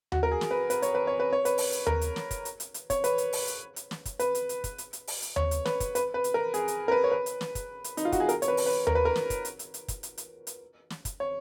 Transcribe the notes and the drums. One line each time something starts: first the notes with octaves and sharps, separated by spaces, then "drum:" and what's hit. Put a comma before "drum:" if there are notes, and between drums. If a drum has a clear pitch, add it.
F#4, drum: tom D#2
A#4
G#4
drum: snare
B4
B4, drum: hi-hat
C#5, drum: hi-hat
B4
C#5
B4
C#5
B4, drum: hi-hat
drum: open hi-hat
drum: hi-hat
A#4, drum: tom D#2
drum: hi-hat
drum: snare
drum: kick, hi-hat
drum: hi-hat
drum: hi-hat
drum: hi-hat
C#5, drum: kick, hi-hat
B4, drum: hi-hat
drum: hi-hat
drum: open hi-hat
drum: hi-hat
drum: hi-hat
drum: snare
drum: kick, hi-hat
B4, drum: hi-hat
drum: hi-hat
drum: hi-hat
drum: kick, hi-hat
drum: hi-hat
drum: hi-hat
drum: open hi-hat
drum: hi-hat
C#5, drum: tom D#2
drum: hi-hat
B4, drum: snare
drum: kick, hi-hat
B4, drum: hi-hat
B4
drum: hi-hat
A#4
G#4, drum: hi-hat
drum: hi-hat
A#4
B4
C#5
B4
drum: hi-hat
drum: snare
drum: kick, hi-hat
drum: hi-hat
D#4, drum: hi-hat
F4
F#4, drum: kick, hi-hat
G#4
A#4, drum: hi-hat
C#5, drum: hi-hat
B4
drum: open hi-hat
B4
A#4, drum: tom D#2
B4
A#4
drum: snare
drum: kick, hi-hat
drum: hi-hat
drum: hi-hat
drum: hi-hat
drum: kick, hi-hat
drum: hi-hat
drum: hi-hat
drum: hi-hat
drum: snare
drum: kick, hi-hat
C#5